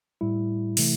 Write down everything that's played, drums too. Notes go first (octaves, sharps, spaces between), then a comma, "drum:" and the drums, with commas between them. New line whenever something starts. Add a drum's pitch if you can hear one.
A2 G3 E4
C3 E3 A3, drum: open hi-hat